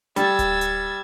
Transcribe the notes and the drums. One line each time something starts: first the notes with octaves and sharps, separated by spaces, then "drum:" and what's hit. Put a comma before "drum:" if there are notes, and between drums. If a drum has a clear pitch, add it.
G3 E6 G#6 A6, drum: hi-hat
drum: kick D1, hi-hat
drum: hi-hat